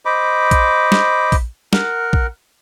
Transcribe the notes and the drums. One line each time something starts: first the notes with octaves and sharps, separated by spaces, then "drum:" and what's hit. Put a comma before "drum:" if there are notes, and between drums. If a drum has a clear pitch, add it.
C5 D#5 B5 D6
drum: kick A#1, hi-hat
drum: snare
drum: kick A#1, open hi-hat
A#4 F#5, drum: snare
drum: kick A#1